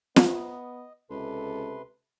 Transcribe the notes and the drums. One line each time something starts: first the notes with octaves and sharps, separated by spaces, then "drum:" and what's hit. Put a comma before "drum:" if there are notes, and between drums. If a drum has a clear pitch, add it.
B3 D#5, drum: snare
C#2 C3 A4 B4 C6